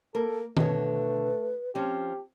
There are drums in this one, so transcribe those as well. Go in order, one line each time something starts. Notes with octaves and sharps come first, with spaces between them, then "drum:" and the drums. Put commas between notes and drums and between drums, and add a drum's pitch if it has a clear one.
A#3 A4 A#4
B2 D3 A3 B4 C#5, drum: tom D#3
F3 C4 C#4 G4